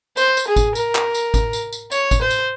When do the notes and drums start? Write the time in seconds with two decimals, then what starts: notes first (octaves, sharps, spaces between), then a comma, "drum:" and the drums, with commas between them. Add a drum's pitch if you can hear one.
0.17 C5, drum: tambourine
0.37 drum: tambourine
0.47 G#4
0.56 drum: kick, tambourine
0.75 A#4, drum: tambourine
0.95 drum: clap
1.14 drum: tambourine
1.34 drum: kick, tambourine
1.53 drum: tambourine
1.73 drum: tambourine
1.92 C#5, drum: tambourine
2.11 drum: kick, tambourine
2.21 C5
2.31 drum: tambourine